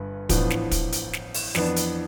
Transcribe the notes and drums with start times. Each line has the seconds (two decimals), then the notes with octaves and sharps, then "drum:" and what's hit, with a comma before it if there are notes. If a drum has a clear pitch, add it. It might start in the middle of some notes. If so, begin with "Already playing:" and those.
Already playing: G1 G2 B4
0.29 A1 A2 F3 B3 D4, drum: kick, hi-hat
0.50 drum: snare
0.71 drum: kick, hi-hat
0.92 drum: hi-hat
1.13 drum: snare
1.34 drum: open hi-hat
1.55 F2 E3 B3 D4, drum: snare
1.76 drum: hi-hat